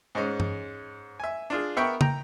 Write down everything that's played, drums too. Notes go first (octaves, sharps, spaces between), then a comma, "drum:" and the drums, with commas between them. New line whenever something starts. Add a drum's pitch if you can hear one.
G#2 G#3 C#4
drum: tom G2
E5 G#5
D4 F4 G#4
B3 A#4 E5 G5 B5 C#6
G5 A#5, drum: tom